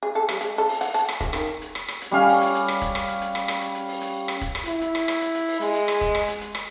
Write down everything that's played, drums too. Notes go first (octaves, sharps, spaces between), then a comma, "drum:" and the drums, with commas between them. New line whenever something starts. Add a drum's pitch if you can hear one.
G#4
A4
G3, drum: rim click
G#3, drum: hi-hat
A4
drum: open hi-hat
F#5, drum: hi-hat
A5, drum: hi-hat
drum: rim click
F#3, drum: kick F1
D#3, drum: rim click
drum: hi-hat
drum: rim click
drum: rim click
drum: hi-hat
G3 C#4 F5
drum: open hi-hat
drum: hi-hat
drum: hi-hat
drum: rim click
drum: kick F1, hi-hat
drum: rim click
drum: hi-hat
drum: hi-hat
drum: rim click
drum: rim click
drum: hi-hat
drum: hi-hat
drum: open hi-hat
drum: hi-hat
drum: rim click
drum: kick F1, hi-hat
drum: rim click
E4, drum: hi-hat
drum: hi-hat
drum: rim click
drum: rim click
drum: hi-hat
drum: hi-hat
drum: open hi-hat
G#3, drum: hi-hat
drum: hi-hat
drum: rim click
drum: kick F1, hi-hat
drum: rim click
drum: hi-hat
drum: hi-hat
drum: rim click